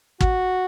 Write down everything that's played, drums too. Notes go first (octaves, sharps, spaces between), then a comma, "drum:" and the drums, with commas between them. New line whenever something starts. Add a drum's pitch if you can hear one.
F#4, drum: kick